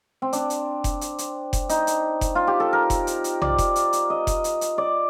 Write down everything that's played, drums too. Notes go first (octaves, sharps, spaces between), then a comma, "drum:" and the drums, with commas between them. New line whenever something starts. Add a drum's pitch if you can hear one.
C4
D4, drum: hi-hat
drum: hi-hat
drum: kick F1, hi-hat
drum: hi-hat
drum: hi-hat
drum: kick F1, hi-hat
D#4, drum: hi-hat
drum: hi-hat
drum: kick F1, hi-hat
F4
G4
A4
A#4
drum: kick F1, hi-hat
drum: hi-hat
drum: hi-hat
D5, drum: tom B1
drum: kick F1, hi-hat
drum: hi-hat
drum: hi-hat
D#5
drum: kick F1, hi-hat
drum: hi-hat
drum: hi-hat
D5